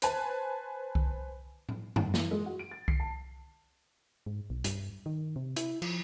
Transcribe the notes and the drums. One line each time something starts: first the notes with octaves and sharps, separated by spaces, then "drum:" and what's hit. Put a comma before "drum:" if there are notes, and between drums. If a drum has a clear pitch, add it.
B4 C5 G#5 A5, drum: hi-hat
drum: kick C2
drum: tom A2
drum: tom F#2
E3, drum: snare
G#3
F#4
D7
A6
C7, drum: kick C2
A5
G#2
B1
G2, drum: hi-hat
D#3
C3
E4, drum: hi-hat
F3, drum: cymbal